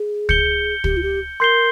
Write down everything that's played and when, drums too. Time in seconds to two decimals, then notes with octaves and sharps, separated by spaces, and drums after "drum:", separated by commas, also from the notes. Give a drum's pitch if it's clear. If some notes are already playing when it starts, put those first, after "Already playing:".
Already playing: G#4
0.29 G6 C#7 G7, drum: kick
0.84 G4, drum: kick
0.97 F4
1.03 G4
1.40 A#4 C6 G6 C7 G7